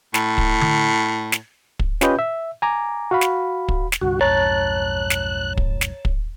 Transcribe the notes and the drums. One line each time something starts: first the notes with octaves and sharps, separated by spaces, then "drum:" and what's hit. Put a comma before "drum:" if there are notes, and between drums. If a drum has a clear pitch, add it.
A2, drum: snare
drum: kick
drum: tom D3
drum: snare
drum: kick
C#4 F4 G4 B4 D#5 G6, drum: snare
E5
G#5 A#5 D6
F#4 F5 B5
drum: snare
drum: kick
drum: snare
C2 G2 D3 F#4
B1 F2 G#2 C#5 A5 A#5 F#6
drum: snare
drum: kick
drum: snare
drum: kick